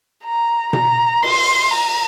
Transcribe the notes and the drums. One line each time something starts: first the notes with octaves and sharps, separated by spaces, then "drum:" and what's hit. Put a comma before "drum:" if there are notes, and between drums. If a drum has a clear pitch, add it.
A#5
A#5, drum: tom B2
C6, drum: cymbal
A#5